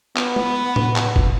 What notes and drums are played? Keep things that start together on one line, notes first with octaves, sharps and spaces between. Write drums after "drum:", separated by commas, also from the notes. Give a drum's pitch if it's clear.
B3, drum: clap
drum: tom G#3
drum: tom A2
drum: clap
drum: kick